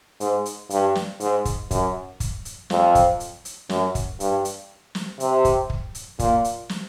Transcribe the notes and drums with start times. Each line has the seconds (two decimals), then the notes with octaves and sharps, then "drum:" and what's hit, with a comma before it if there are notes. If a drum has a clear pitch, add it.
0.20 G#2, drum: hi-hat
0.46 drum: hi-hat
0.70 G2, drum: hi-hat
0.95 drum: snare
1.20 G#2, drum: hi-hat
1.45 drum: kick, hi-hat
1.71 F#2, drum: kick, hi-hat
2.20 drum: kick, hi-hat
2.45 drum: hi-hat
2.70 F2, drum: snare
2.95 drum: kick, hi-hat
3.20 drum: hi-hat
3.45 drum: hi-hat
3.69 F#2, drum: snare
3.95 drum: kick, hi-hat
4.20 G2, drum: hi-hat
4.45 drum: hi-hat
4.95 drum: snare
5.20 C3, drum: hi-hat
5.45 drum: kick, hi-hat
5.70 drum: kick
5.95 drum: hi-hat
6.19 A#2, drum: kick, hi-hat
6.44 drum: hi-hat
6.69 drum: snare